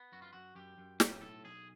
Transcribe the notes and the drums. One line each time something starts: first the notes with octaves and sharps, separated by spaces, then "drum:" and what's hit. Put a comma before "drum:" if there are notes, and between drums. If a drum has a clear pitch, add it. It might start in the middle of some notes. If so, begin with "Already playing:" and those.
Already playing: B3
F#2 F#4
F4
F#2 F#4
F#2 G4
F#2
A2 G4, drum: snare
B1 A4
B1 G#4